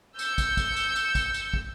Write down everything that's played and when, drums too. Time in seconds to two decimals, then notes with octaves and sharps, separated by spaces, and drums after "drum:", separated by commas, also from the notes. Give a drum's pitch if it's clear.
0.19 E6 G6 C#7, drum: tambourine
0.38 drum: kick, tambourine
0.57 drum: kick, tambourine
0.77 drum: tambourine
0.96 drum: tambourine
1.15 drum: kick, tambourine
1.34 drum: tambourine
1.54 drum: kick